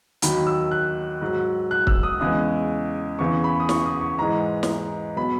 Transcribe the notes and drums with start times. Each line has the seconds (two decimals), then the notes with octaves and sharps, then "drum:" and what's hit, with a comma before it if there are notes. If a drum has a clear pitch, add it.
0.22 D#2 D#3 F#3 B5, drum: hi-hat
0.47 E6
0.71 F#6
1.21 G#2 F#3
1.71 F#6
1.87 E6, drum: kick
2.03 D#6
2.20 E2 C#3 G#3 D#6
3.19 E2 C#3 E3 C#6
3.44 B5
3.60 D#6
3.69 C#6, drum: snare
3.85 D#6
4.01 C#6
4.18 G#2 E3 G#3 A#5
4.63 drum: snare
5.16 B2 F#3 B5